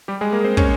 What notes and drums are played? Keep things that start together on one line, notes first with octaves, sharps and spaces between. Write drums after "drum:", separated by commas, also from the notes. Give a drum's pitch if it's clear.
G3 G4
G#3 G#4
A#3 A#4
C4 C5
C#4 C#5, drum: kick